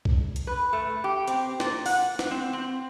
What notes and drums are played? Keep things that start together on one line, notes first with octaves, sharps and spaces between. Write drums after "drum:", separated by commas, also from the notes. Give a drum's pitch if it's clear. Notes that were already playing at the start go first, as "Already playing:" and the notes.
drum: kick C2
drum: hi-hat
B4
A3
G4
C4, drum: hi-hat
A#2, drum: snare
F#5, drum: open hi-hat
drum: snare
C4
C4